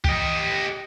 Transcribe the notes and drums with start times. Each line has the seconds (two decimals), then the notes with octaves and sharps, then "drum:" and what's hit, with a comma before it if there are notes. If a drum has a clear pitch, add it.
0.04 G4 D#5, drum: kick C#2